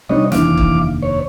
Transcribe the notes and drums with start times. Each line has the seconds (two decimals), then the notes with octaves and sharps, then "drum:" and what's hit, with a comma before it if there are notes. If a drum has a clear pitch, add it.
0.09 C3 G3 D4 D#4 C#5 D#5
0.32 F1 D#2 E3 D4 F5 D6, drum: snare
0.57 drum: kick
1.02 C#5